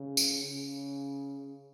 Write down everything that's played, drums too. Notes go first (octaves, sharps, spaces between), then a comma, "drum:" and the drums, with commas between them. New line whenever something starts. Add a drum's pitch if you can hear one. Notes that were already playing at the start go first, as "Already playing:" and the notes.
Already playing: C#3
drum: tambourine
C#3